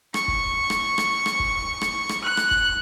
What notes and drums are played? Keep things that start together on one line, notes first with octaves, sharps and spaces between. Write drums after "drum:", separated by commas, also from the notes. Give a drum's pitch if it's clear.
C#6, drum: rim click
drum: kick
drum: rim click
drum: rim click
drum: rim click
drum: kick
drum: rim click
drum: rim click
F#6
drum: rim click
drum: kick